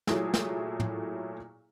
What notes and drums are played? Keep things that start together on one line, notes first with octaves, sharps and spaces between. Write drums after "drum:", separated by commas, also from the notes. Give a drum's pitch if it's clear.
A#2 F#3 A3 E4 G#4, drum: snare
drum: snare
drum: tom